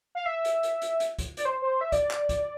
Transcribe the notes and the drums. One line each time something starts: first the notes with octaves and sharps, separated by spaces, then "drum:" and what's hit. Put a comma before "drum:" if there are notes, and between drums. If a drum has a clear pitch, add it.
F5
E5
drum: hi-hat
drum: hi-hat
drum: hi-hat
drum: hi-hat
drum: kick, hi-hat
D5, drum: hi-hat
C5
C5
E5
D5, drum: kick, hi-hat
drum: clap
drum: kick, hi-hat